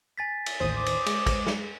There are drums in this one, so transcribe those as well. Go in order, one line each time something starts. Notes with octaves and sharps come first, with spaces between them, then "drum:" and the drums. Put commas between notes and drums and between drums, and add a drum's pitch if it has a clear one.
G#5 A6 B6
drum: cymbal
A1 D#2 C5 D#6
D6
drum: cymbal
G#3, drum: cymbal
drum: kick, cymbal
drum: snare